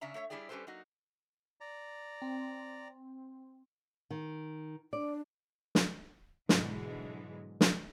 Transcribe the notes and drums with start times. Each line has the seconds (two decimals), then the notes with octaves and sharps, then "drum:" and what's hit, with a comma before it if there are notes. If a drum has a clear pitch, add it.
0.01 C#3 C#4 D4 E5 A#5
0.14 A3 A4 C#5 E5
0.30 G3 D4 E4 G4 G#4 D5
0.49 G3 C#4 G4 A4 B4 C5
0.67 F#3 A#3 D#4 F#4
1.61 D5 A#5
2.22 C4
4.10 D#3
4.93 D4 D5
5.75 drum: snare
6.49 G#2 B2 D3 E3 F#3 G#3, drum: snare
7.61 drum: snare